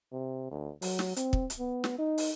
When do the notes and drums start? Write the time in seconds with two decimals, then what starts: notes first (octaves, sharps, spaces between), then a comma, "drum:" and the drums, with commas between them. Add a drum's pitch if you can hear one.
0.12 C3
0.51 D2
0.82 F#3, drum: open hi-hat
0.99 drum: snare
1.16 C4, drum: hi-hat
1.33 drum: kick
1.50 drum: hi-hat
1.59 B3
1.84 drum: snare
1.98 D#4
2.18 drum: open hi-hat